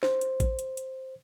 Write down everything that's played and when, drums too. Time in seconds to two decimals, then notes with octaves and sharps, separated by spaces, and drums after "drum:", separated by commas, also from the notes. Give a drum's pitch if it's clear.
0.03 C5, drum: snare
0.21 drum: hi-hat
0.40 drum: kick, hi-hat
0.59 drum: hi-hat
0.77 drum: hi-hat